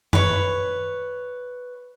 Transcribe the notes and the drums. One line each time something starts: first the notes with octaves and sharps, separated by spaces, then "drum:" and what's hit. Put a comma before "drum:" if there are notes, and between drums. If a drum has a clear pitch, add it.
B4 C#5, drum: tom F#2